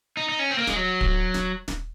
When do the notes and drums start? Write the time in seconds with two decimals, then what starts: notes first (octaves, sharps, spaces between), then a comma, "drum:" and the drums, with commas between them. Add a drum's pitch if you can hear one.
0.17 D#4
0.29 D#4
0.39 C#4
0.51 C4
0.58 A#3
0.67 G#3, drum: snare
0.76 F#3
1.01 drum: kick
1.34 drum: snare
1.68 drum: snare